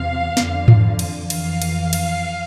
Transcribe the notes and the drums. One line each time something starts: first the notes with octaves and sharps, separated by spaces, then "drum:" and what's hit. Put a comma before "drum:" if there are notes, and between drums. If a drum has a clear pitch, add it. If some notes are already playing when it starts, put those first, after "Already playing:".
Already playing: E2 C3 F3 F5
F2 D3 F3, drum: snare
drum: tom G#2
drum: cymbal
F2 E3 F5, drum: cymbal
drum: cymbal
drum: cymbal